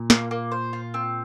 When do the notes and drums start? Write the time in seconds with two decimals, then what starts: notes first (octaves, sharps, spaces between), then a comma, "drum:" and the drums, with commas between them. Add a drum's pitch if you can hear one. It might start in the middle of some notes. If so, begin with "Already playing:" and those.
Already playing: A#2
0.10 A#3, drum: snare
0.31 A#3
0.52 C5
0.73 F4
0.94 C4